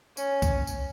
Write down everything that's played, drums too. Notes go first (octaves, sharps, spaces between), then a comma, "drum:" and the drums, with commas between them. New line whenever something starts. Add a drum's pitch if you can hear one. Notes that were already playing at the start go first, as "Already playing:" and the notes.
C#4, drum: tambourine
drum: kick C2, tambourine
drum: tambourine